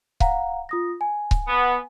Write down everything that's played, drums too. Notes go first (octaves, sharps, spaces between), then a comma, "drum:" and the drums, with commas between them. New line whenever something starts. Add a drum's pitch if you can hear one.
F5 F#5 A#5, drum: kick C#1
F4 D#6 A#6
G#5
drum: kick C#1
B3